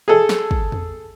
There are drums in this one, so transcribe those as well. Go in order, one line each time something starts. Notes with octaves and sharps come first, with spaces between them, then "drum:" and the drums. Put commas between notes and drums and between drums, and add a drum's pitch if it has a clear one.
G#4 A4
drum: snare
drum: kick
drum: tom E2